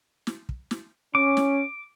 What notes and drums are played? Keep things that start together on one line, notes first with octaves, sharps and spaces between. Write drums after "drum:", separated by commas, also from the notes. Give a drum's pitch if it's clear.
drum: snare
drum: kick
drum: snare
C#4 D6
drum: snare